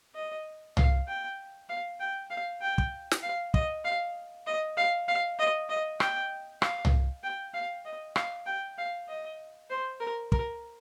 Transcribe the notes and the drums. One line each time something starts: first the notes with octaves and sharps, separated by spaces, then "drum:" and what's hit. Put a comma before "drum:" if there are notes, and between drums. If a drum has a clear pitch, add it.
D#5
F5, drum: tom C2
G5
F5
G5
F5
G5
drum: kick
drum: snare
F5
D#5, drum: kick
F5
D#5
F5
F5
D#5
D#5
G5, drum: rim click
F5, drum: rim click
drum: tom C2
G5
F5
D#5
F5, drum: rim click
G5
F5
D#5
C5
A#4
A#4, drum: kick